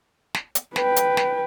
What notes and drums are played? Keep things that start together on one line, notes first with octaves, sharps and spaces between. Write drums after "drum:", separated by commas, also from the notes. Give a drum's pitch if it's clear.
drum: snare
drum: hi-hat
B4 G5, drum: snare
drum: hi-hat
drum: snare